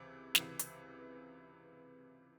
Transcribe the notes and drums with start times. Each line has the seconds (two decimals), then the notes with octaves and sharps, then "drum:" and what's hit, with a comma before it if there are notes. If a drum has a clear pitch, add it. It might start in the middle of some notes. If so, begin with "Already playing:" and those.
Already playing: C#2 C3 E3
0.35 C#2 C3 E3, drum: snare
0.59 drum: hi-hat